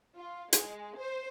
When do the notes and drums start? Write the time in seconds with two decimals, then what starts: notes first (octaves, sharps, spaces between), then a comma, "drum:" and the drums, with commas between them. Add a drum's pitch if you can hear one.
0.16 F4
0.53 G#3, drum: hi-hat
0.98 C5